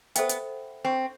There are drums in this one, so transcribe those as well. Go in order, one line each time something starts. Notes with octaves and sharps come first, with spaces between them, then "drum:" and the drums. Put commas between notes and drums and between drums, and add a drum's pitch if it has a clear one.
B3 A4 C5 E5 G5, drum: hi-hat
drum: hi-hat
C4